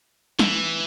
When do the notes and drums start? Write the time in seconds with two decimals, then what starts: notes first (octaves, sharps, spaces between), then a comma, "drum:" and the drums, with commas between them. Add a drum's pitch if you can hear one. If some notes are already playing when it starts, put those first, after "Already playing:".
0.39 E3, drum: snare